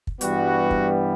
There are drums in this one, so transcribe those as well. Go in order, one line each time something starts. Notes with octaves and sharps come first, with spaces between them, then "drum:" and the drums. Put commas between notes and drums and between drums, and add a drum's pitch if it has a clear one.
drum: kick
G2 E3 G3 B3 F#4, drum: hi-hat
drum: kick